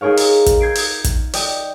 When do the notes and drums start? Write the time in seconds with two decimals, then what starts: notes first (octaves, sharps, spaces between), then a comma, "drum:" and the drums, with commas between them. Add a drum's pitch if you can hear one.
0.01 D#4 G#4 A#4 C#5 F5
0.17 drum: open hi-hat
0.46 drum: kick, hi-hat
0.60 G6 G#6 C7 D7
0.75 drum: open hi-hat
1.04 drum: kick, hi-hat
1.33 D5 D#5 G5, drum: open hi-hat